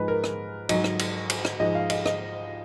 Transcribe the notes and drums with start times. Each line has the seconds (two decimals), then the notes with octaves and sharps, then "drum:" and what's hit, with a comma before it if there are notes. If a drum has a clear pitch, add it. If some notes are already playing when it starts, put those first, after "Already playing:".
Already playing: G#2 F3 G#3 B4
0.08 A#4
0.24 drum: rim click
0.69 G#2 F#3 D#5, drum: cymbal
0.84 drum: rim click
0.99 drum: cymbal
1.30 drum: cymbal
1.45 drum: rim click
1.60 G#2 F3 G#3 D#5
1.75 F5
1.90 D#5, drum: cymbal
2.06 D#5, drum: rim click